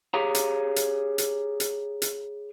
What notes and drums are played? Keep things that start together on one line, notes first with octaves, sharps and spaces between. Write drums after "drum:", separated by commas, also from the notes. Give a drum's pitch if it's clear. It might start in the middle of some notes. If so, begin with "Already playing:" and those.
G4 G#4 C#5 F5 A#5
drum: hi-hat
drum: hi-hat
drum: hi-hat
drum: hi-hat
drum: hi-hat